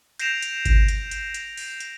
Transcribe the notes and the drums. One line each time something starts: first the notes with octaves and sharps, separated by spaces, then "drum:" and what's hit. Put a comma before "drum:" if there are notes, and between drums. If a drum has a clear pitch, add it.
G6 A#6 C7 D7 E7 F7, drum: hi-hat
drum: hi-hat
drum: kick G#1, hi-hat
drum: hi-hat
drum: hi-hat
drum: hi-hat
drum: open hi-hat
drum: hi-hat